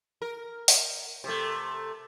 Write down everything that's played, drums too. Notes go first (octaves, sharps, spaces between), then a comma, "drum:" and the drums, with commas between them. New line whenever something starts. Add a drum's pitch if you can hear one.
A#4
drum: open hi-hat
C3 A3